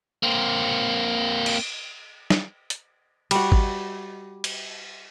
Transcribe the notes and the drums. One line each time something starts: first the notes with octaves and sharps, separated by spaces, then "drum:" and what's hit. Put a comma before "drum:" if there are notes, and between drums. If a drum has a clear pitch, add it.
A#3 C4
drum: cymbal
drum: snare
drum: hi-hat
G3 F#4, drum: cymbal
drum: kick G#1
drum: cymbal